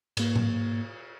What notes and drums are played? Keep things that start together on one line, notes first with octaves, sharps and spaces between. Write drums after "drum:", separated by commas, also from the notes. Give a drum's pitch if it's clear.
G#2 A#3, drum: cymbal
drum: tom A2